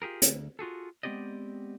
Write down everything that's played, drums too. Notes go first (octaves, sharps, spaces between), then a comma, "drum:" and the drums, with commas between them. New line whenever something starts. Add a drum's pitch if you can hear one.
F4 G4 G#4 A#4
D2, drum: hi-hat
F4 F#4 G#4 A4
G#3 B3 C4 G4 D5 D#5